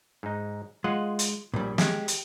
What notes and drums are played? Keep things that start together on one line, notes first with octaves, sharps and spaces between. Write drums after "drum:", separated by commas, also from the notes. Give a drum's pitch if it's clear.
G#2 D#4
G#3 F4 D#5 F#5
drum: hi-hat
A#1 A#2 G3
G#3 G4, drum: snare
drum: hi-hat